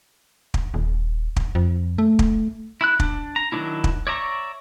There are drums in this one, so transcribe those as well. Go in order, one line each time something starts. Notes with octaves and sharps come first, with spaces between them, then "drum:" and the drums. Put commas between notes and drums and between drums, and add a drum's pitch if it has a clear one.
drum: kick
D#1
drum: kick
F2
A3
drum: kick
E4 B5 F#6
D4, drum: kick
A#5
D#3 F#3 B3 D4 E4
drum: kick
C#5 D5 E5 A#5 C#6